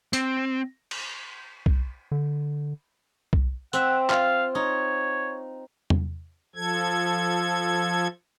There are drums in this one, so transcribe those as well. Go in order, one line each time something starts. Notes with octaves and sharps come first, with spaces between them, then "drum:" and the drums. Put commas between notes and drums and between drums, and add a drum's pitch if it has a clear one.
C4, drum: hi-hat
drum: cymbal
drum: kick C2
D3
drum: kick C2
C4 E5 F#5, drum: tambourine
F4 F5, drum: clap
D#4 C#5
drum: tom E2
F3 A4 G#6